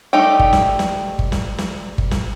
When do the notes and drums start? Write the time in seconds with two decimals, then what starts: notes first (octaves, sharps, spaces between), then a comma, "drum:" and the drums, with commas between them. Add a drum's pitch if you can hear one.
0.13 G3 A3 D#4 G4 G5
0.39 drum: kick G1
0.53 drum: snare
0.79 drum: snare
1.19 drum: kick G1
1.32 drum: snare
1.58 drum: snare
1.98 drum: kick G1
2.11 drum: snare